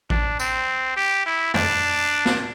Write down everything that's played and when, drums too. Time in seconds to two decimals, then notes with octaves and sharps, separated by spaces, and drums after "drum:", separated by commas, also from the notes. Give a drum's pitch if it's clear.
0.10 D4, drum: kick A1
0.39 C4, drum: tambourine
0.96 G4
1.26 E4
1.54 D4, drum: tom
2.26 drum: snare